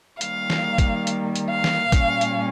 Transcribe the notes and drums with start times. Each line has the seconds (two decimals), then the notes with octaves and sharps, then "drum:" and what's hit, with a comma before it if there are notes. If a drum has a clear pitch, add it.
0.21 D#3 G3 A#3 F5, drum: hi-hat
0.50 drum: snare E3
0.78 drum: kick, hi-hat
1.07 drum: hi-hat
1.36 drum: hi-hat
1.50 F5
1.64 drum: snare E3
1.92 A#2 G3 C#4, drum: kick, hi-hat
2.21 drum: hi-hat